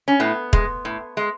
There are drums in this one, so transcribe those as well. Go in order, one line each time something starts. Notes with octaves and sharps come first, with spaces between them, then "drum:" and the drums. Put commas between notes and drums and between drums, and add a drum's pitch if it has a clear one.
C#4
A2 B3
G#3, drum: kick
A2
G#3